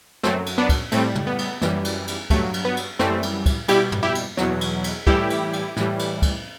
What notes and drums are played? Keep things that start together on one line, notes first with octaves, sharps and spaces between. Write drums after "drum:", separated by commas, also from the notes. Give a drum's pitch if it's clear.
F#2 F#3 A3 C4, drum: snare
drum: cymbal
B3 D4
drum: kick, cymbal
A2 G3 A3 C4, drum: cymbal
drum: tom
B3
drum: cymbal
F#2 E3 G3, drum: snare
drum: cymbal
drum: cymbal
G2 F#3 A3, drum: kick, cymbal
drum: cymbal
B3
drum: cymbal
F#2 E3 G3 A3 C4, drum: snare
drum: cymbal
drum: kick, cymbal
B2 G3 E4 G4, drum: cymbal
drum: tom
E4 G4
drum: cymbal
E2 B2 F#3, drum: snare
drum: cymbal
drum: cymbal
A2 E3 G3 E4 G4, drum: kick
drum: cymbal
drum: cymbal
A2 E3 G3, drum: snare
drum: cymbal
drum: kick, cymbal